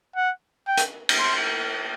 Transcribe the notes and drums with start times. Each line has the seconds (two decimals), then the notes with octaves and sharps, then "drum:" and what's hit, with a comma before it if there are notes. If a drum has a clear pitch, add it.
0.16 F#5
0.68 G5
0.77 drum: hi-hat
1.09 drum: cymbal
1.19 C6